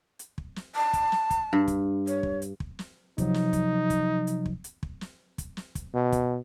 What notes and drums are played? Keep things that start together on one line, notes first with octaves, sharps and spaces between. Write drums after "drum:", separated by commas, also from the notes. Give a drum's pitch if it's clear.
drum: hi-hat
drum: kick
drum: snare
A5
drum: kick, hi-hat
drum: snare
drum: kick, hi-hat
G2
drum: kick, hi-hat
C#5, drum: hi-hat
drum: kick
drum: hi-hat
drum: kick
drum: snare
C3 F3 F#3 D#4, drum: kick, hi-hat
drum: snare
drum: kick, hi-hat
drum: kick, hi-hat
drum: hi-hat
drum: kick
drum: hi-hat
drum: kick
drum: snare
drum: kick, hi-hat
drum: snare
drum: kick, hi-hat
B2
drum: kick, hi-hat